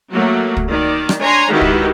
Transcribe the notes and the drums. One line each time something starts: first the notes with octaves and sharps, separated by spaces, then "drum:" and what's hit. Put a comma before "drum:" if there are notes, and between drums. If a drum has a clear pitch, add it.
F#3 A3 A#3 F#4
drum: kick
D#3 D5
drum: rim click
D4 C#5 G#5 A#5 C6
D#3 G#3 E4 F#4 G4 B4
drum: kick